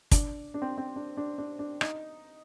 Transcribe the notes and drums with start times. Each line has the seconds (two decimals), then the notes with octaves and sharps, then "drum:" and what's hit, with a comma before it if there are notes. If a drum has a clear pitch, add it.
0.11 D4, drum: kick, hi-hat
0.54 D4
0.62 C4
0.78 C4
0.96 D4
1.17 D4
1.38 D4
1.59 D4
1.81 D#4, drum: rim click